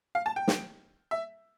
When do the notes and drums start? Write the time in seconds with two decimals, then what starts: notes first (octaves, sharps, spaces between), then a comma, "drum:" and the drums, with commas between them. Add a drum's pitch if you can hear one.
0.15 F5
0.26 A5
0.36 G5
0.48 drum: snare
1.11 E5